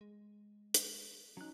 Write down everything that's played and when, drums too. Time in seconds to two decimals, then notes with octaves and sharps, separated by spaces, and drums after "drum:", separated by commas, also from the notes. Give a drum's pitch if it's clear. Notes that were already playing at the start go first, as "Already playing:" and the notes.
0.01 G#3
0.74 drum: hi-hat
1.37 F#3 C#4 D#4 F#6